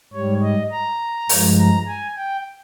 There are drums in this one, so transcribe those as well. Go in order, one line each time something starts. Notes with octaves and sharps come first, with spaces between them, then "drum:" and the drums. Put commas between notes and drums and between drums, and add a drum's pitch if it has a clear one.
G#2 G3 C#5
D#5
A#5
G2 F3 G#3, drum: open hi-hat
A#5
G#5
G5